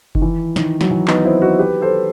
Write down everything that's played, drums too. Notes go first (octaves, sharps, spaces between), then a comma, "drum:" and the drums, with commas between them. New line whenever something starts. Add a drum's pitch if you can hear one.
D#3, drum: kick F#1
E3
D#3, drum: snare
F#3, drum: snare
E3
B3 D#4, drum: clap
C4 E4
D#4 F#4
G4 B4
A4 C5